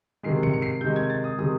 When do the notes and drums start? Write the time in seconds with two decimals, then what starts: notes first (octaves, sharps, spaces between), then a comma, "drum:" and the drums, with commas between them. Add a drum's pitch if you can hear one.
0.23 C3 D#3 G#3 C7
0.43 C#7, drum: tom
0.53 C#7
0.62 C7
0.81 C3 D#3 G#3 G6
0.96 G#6
1.10 A6
1.24 D#6
1.38 C3 D#3 G#3 D#6